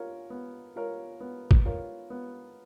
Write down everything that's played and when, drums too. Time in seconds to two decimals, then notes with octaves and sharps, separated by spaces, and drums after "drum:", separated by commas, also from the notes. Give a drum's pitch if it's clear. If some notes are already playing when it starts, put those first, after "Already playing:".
Already playing: F4 A#4 C#5
0.30 B3
0.76 F4 A#4 C#5
1.20 B3
1.51 drum: kick
1.65 F4 A#4 C#5
2.10 B3